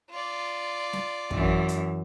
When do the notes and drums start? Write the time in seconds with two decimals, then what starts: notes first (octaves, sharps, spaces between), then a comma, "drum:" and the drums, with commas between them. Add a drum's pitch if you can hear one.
0.10 F4 D5
0.93 drum: snare
1.31 F#2 E3, drum: kick
1.68 drum: hi-hat